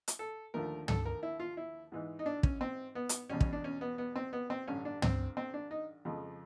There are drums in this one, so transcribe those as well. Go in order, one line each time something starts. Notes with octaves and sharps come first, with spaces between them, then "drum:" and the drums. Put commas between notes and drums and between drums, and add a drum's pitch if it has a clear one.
drum: hi-hat
A4
D#2 D3 F3 A3 A#4
A4, drum: tom
A#4
E4
F4
E4
G#2 E3 G#3
D#4
D4
C#4, drum: kick
C4
B3
drum: hi-hat
E2 B2 G3 C#4
C#4, drum: kick
D4
C#4
B3
B3
C4
B3
C4
A1 G2 D3 C#4
D4
C4, drum: tom
C4
D4
D#4
F2 C#3 F3 G#3